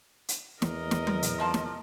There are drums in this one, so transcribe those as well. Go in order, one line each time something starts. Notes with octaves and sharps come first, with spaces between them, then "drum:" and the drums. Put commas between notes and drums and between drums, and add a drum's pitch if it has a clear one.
drum: hi-hat
E2 A#4 D#5, drum: snare
drum: snare
drum: tom F#3
drum: hi-hat
C3 F3 A5
drum: snare